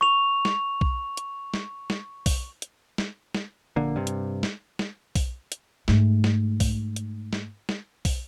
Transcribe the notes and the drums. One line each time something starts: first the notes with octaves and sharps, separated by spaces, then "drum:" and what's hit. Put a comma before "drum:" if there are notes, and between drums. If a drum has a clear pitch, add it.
C#6 F7
drum: snare
drum: kick
drum: hi-hat
drum: snare
drum: snare
drum: kick, open hi-hat
drum: hi-hat
drum: snare
drum: snare
A#1 D3 A#3
G2 C3
drum: hi-hat
drum: snare
drum: snare
drum: kick, open hi-hat
drum: hi-hat
G#2 A3, drum: snare
drum: snare
drum: kick, open hi-hat
drum: hi-hat
drum: snare
drum: snare
drum: kick, open hi-hat